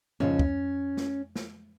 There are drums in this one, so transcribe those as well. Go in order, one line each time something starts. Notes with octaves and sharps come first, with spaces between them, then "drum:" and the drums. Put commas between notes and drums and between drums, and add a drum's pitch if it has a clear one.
D#2 C#3 F3 C#4, drum: tom F2
drum: kick
drum: snare
drum: snare